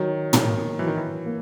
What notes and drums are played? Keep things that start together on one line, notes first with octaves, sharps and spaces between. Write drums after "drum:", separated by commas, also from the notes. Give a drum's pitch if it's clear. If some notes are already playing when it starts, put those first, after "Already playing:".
Already playing: D#3 F#3
A#3 D4, drum: tom
E3 F#3
D#3
E3
A#3